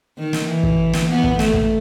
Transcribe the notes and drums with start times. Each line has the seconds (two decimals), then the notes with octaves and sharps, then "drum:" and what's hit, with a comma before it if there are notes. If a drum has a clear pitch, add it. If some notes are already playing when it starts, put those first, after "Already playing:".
0.18 D#3
0.33 drum: snare
0.47 E3
0.63 drum: kick
0.93 drum: snare
1.09 B3
1.24 drum: kick
1.39 A3, drum: snare
1.54 drum: kick